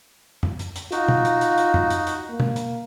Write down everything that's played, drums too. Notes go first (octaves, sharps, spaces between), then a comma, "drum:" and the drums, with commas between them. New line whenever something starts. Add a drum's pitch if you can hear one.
drum: tom F2
drum: hi-hat
drum: hi-hat
D#4 F4 F#4, drum: hi-hat
drum: tom
drum: hi-hat
drum: hi-hat
drum: hi-hat
drum: tom F2
drum: hi-hat
drum: hi-hat
A#3
drum: tom B2
drum: hi-hat